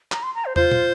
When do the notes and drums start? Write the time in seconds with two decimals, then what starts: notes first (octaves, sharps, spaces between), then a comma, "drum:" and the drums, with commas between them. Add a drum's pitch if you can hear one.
0.12 A#5, drum: clap
0.23 C6
0.35 A#5
0.45 C5
0.56 F4 C5, drum: tom
0.72 drum: tom